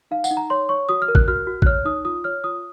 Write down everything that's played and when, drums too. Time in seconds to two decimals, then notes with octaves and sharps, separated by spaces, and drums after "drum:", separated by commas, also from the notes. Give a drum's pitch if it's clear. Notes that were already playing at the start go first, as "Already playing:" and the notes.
0.11 D#4 F5
0.24 F#5, drum: tambourine
0.30 D#4
0.37 A#5
0.50 C#5 C6
0.69 C#5 C#6
0.89 F#4 D#6
1.02 F6
1.08 A#4
1.15 F#6, drum: kick
1.28 F#4 F6
1.47 F#4
1.62 F#6, drum: kick
1.66 C#5 F6
1.85 D#4 D#6
2.05 F4 D#6
2.24 C#5 F6
2.44 F4 D#6